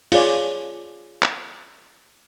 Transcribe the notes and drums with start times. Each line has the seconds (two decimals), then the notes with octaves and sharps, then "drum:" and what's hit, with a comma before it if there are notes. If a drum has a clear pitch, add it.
0.12 F4 G#4 C#5 D5, drum: open hi-hat
1.22 drum: clap